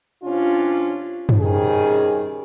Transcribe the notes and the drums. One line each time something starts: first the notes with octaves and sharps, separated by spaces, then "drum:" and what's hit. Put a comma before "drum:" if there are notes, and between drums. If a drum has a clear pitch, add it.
C3 C#4 D4 F4
drum: tom
C3 D#3 G3 C#4 G#4